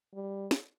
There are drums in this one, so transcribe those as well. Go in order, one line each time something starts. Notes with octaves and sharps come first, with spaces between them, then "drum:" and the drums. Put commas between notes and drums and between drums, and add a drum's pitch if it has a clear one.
G3
drum: snare